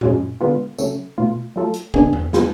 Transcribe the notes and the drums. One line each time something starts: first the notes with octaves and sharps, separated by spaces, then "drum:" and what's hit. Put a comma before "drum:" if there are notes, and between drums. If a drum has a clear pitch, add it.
F#2 F3 G#3 C#4 F#4, drum: tom A#2
D3 G#3 B3 F4
C#3 F#3 A3 C#4, drum: tambourine
B2 A3 F4
F#3 A3 F4 A4
drum: hi-hat
D3 G#3 B3 D4 G#4, drum: kick
drum: tom E2
F3 G#3 B3 F4, drum: snare